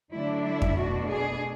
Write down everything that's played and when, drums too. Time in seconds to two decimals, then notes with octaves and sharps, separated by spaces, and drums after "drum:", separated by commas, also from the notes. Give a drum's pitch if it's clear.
0.14 D3 F#3 A3 D4 E4
0.46 E4
0.62 drum: kick F2
0.78 B2 A3 D4 F#4
1.09 G#4